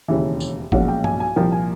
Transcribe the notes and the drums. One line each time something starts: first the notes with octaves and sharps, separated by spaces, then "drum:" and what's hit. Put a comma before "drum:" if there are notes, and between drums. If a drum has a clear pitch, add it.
E1 D#2 C#3 E3 E5
drum: tambourine
B1 A#2 F3 G#3 C#4 F#5, drum: kick G1
G5
G#5, drum: tom G2
G#5
C2 A#2 F3 A#3 G5
G#5